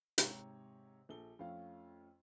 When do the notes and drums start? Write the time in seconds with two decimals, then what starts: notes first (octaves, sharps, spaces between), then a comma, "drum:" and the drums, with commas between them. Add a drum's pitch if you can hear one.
0.18 G#2 C3 C#5 A#5, drum: hi-hat
1.09 A#1 A4 G7
1.39 F2 A3 C#4 F4 F5